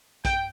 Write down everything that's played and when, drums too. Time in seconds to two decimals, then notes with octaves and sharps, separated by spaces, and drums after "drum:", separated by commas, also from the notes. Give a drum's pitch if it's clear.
0.25 G5, drum: kick, hi-hat